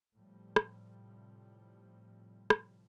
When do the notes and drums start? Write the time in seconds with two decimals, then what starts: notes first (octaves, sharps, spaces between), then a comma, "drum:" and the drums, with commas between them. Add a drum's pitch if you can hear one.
0.18 A2 C3 F3 G3
0.56 drum: rim click
2.50 drum: rim click